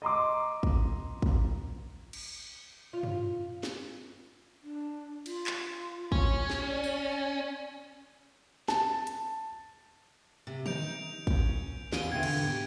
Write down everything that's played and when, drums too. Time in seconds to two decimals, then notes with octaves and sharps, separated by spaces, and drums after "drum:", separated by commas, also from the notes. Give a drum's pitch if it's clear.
0.02 D#5 A#5 C6 D6
0.63 drum: kick
1.22 drum: kick
2.13 drum: cymbal
2.93 F4
3.03 drum: tom F#2
3.63 drum: snare
4.63 D4
5.26 F4, drum: cymbal
5.47 drum: clap
6.12 C#4, drum: kick
6.50 drum: snare
6.70 D5
6.84 drum: tambourine
8.68 A5, drum: snare
9.07 drum: hi-hat
10.47 C3
10.66 D#4 G6 D7 F7, drum: tom D3
11.27 C#4, drum: kick
11.92 E2 B3 F4 G#4 D7 D#7 G7, drum: snare
12.12 B2 D3 E5 G5 G#6
12.23 drum: cymbal
12.37 G#2 G4